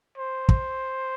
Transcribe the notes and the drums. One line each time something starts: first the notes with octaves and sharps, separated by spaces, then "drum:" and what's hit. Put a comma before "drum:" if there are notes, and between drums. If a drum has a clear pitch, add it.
C5
drum: kick